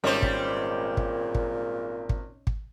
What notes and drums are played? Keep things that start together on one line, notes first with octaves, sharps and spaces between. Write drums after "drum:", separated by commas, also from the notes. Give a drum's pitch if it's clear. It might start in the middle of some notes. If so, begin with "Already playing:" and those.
G#1 A#2 G3 G#3 C#4 C5 C#5 D#5
drum: kick
drum: kick
drum: kick
drum: kick
drum: kick